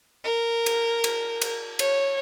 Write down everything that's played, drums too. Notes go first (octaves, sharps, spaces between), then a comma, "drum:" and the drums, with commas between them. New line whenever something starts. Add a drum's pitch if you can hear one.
A#4
drum: cymbal
drum: cymbal
drum: cymbal
C#5, drum: cymbal